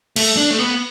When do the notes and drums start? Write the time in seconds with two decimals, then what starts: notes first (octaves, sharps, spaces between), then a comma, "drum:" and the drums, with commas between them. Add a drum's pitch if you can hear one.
0.16 A3, drum: cymbal
0.37 D4
0.51 A3
0.59 B3